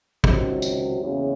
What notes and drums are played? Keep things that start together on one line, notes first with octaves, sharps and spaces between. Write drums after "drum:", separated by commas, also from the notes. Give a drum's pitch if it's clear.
C#2 C3 D#3 F#3, drum: kick
drum: tambourine
F#1 E2 C#3